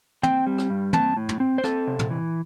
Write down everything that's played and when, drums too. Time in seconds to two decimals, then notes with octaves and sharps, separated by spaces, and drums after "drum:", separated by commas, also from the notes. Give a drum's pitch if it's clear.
0.23 C4 G5, drum: tom
0.47 G3
0.58 drum: rim click
0.70 G2
0.93 C4 A5, drum: tom
1.17 A2
1.29 drum: tom
1.40 C4
1.58 C5
1.64 C4 A4, drum: rim click
1.87 C3
1.99 drum: tom
2.10 E3